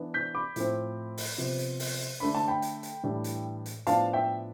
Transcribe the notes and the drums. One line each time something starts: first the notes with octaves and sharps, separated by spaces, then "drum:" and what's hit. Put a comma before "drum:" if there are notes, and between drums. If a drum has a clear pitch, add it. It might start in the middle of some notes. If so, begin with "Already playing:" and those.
Already playing: E3 B3 D4
G6 B6
B5 D6
A2 F3 A3 C4, drum: hi-hat
drum: open hi-hat
C3 F3 B3
drum: hi-hat
drum: open hi-hat
D3 A3 D4 B5
A5
G5 B5
drum: hi-hat
drum: hi-hat
A2 E3 G3 D4
drum: hi-hat
drum: hi-hat
A2 F3 B3 D4 F5 A5, drum: hi-hat
E5 G5